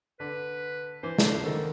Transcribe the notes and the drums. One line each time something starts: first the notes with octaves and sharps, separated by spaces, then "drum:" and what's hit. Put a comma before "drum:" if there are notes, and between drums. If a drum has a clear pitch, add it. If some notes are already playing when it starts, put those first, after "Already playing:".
D3 B4
E3 C5
C#3, drum: snare
D3
D#3 A4